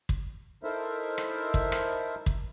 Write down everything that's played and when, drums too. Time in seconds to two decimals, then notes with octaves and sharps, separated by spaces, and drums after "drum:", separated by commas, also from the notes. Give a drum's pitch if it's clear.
0.09 drum: kick
0.63 D#4 E4 A4 A#4 C5 E5
1.18 drum: rim click
1.54 drum: kick
1.72 drum: rim click
2.26 drum: kick